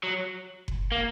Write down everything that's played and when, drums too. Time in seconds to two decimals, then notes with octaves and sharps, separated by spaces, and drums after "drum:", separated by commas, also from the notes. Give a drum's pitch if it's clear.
0.03 F#3
0.68 drum: kick F#1
0.92 A#3